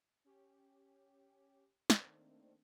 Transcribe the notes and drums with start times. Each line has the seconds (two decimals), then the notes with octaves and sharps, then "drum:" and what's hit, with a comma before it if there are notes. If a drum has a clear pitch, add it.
0.24 C#4 G4
1.90 D#3 A3 A#3 C4 D4, drum: snare